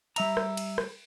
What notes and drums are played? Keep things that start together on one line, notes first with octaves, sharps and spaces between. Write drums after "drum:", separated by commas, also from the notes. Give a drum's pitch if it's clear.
G3 E5 A#5, drum: cymbal
drum: rim click
drum: cymbal
drum: rim click